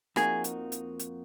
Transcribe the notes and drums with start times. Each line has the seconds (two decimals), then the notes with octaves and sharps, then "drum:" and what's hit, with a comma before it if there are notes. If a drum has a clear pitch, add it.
0.16 F2 F3 A#3 D#4 F#4 G#4, drum: rim click
0.44 drum: hi-hat
0.72 drum: hi-hat
1.00 drum: hi-hat